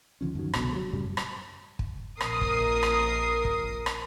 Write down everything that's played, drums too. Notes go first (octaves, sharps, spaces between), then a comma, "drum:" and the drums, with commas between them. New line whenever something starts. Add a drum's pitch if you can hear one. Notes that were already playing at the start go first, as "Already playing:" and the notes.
D2 D3 F3 C#4
F#2 D#3 F#3
F#1 C2 B2 D3, drum: rim click
F#3 G#3
F#2 A2 C#3 G3
drum: rim click
drum: kick
A#1 A#4 D#6 C7, drum: rim click
drum: kick
drum: rim click
drum: kick
drum: rim click